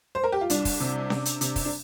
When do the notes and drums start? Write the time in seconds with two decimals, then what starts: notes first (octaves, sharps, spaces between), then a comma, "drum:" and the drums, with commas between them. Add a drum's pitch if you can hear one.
0.15 C5
0.24 A#4
0.32 G4
0.41 F4
0.50 C2 D4, drum: hi-hat
0.65 drum: kick, open hi-hat
0.80 C3
1.10 C3, drum: snare C#4
1.25 drum: hi-hat
1.41 C3, drum: hi-hat
1.56 drum: kick, open hi-hat
1.65 D4